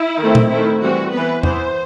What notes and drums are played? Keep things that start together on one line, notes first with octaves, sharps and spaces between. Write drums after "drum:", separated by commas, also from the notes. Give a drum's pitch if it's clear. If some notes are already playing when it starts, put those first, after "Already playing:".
Already playing: E4
D#3 A3 C4
drum: tom A#2
D#3 A3 C4 E4
E3 G3 C4 F#4
E3 B3 B4
E3 B3 C5, drum: tom E2